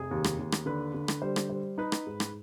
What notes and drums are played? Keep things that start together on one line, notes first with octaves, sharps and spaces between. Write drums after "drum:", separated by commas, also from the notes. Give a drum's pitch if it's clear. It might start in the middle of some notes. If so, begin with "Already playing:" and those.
Already playing: F1 G#4
D#2
drum: rim click
D#2
drum: rim click
D3 B4
D3
drum: rim click
G3 C5
drum: rim click
G3 C5
D#4 B4
drum: rim click
G#2
drum: rim click